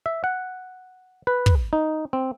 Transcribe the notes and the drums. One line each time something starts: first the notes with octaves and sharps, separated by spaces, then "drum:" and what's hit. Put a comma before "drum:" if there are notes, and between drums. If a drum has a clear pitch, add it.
E5
F#5
B4
drum: kick
D#4
C4